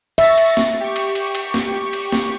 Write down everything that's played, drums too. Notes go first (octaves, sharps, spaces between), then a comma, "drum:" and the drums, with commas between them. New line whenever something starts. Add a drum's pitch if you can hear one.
E5 C#6 A6 A#6, drum: cymbal
drum: cymbal
drum: snare
G4 C#6
drum: cymbal
drum: cymbal
drum: cymbal
drum: snare
drum: cymbal
drum: snare